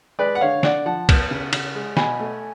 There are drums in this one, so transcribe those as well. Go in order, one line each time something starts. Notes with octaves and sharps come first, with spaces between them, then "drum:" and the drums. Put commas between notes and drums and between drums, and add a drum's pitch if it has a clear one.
G#3 B4 D5
F#5
D3 C#5 F5
D3 D5 F#5, drum: snare
F3 F#5 A5
B3, drum: kick, cymbal
C#3
C#3, drum: cymbal
G#3
B2 G#5 B5, drum: snare
A3